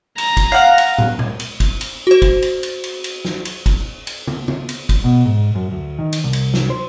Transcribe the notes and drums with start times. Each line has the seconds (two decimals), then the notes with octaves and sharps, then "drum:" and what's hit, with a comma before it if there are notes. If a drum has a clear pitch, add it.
0.18 A#5, drum: cymbal
0.37 drum: kick, cymbal
0.52 F5 F#5
0.78 drum: cymbal
0.98 drum: tom
1.19 drum: tom A#2
1.40 drum: cymbal
1.60 drum: kick, cymbal
1.81 drum: cymbal
2.07 F#4 C5
2.22 drum: kick, cymbal
2.42 drum: cymbal
2.63 drum: cymbal
2.84 drum: cymbal
3.04 drum: cymbal
3.25 drum: snare
3.45 drum: cymbal
3.66 drum: kick, cymbal
4.07 drum: cymbal
4.27 drum: tom
4.48 drum: tom
4.69 drum: cymbal
4.89 drum: kick, cymbal
5.04 B2
5.26 G#2
5.55 F#2
5.71 D2
5.99 D#3
6.13 drum: cymbal
6.24 C2
6.33 drum: cymbal
6.54 drum: snare
6.70 C5